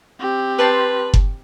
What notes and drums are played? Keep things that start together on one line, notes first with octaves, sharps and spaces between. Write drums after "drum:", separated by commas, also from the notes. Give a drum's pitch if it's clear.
C4 G4
B4 D5 A5 C6
drum: kick F#1